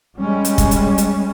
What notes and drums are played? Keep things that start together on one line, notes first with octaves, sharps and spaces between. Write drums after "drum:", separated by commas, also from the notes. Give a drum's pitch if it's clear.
G3 G#3 C#4
drum: hi-hat
drum: kick, hi-hat
drum: hi-hat
drum: hi-hat